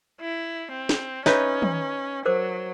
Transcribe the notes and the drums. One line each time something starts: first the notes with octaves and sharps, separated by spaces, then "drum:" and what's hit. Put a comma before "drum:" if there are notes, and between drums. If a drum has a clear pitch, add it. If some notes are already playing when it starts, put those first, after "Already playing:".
E4
C4
drum: snare
C#4 D#4 B4 C#5 E5, drum: snare
drum: tom
F#3 A#4 C5 D6